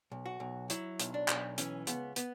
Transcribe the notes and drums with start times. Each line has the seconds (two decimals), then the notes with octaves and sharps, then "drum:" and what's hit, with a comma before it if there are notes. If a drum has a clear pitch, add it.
0.12 B1
0.26 F#4
0.40 B1
0.70 F#3 E4, drum: hi-hat
1.00 B1, drum: hi-hat
1.14 D4
1.28 B1, drum: clap
1.58 E3 C#4, drum: hi-hat
1.87 C#2 B3, drum: hi-hat
2.16 B3, drum: hi-hat